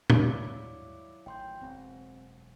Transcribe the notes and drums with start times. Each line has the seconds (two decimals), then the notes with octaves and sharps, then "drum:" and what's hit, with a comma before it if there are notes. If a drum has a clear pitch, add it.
0.10 D#2 G#2 F#3 G3 E4 D5 F5 D6, drum: tom
1.26 A1 D#3 G5 C6 G6
1.61 E1 C#2 F#2 C4